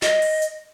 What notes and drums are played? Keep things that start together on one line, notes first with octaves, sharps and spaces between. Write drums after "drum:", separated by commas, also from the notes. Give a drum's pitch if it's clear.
D#5, drum: snare
drum: open hi-hat
drum: hi-hat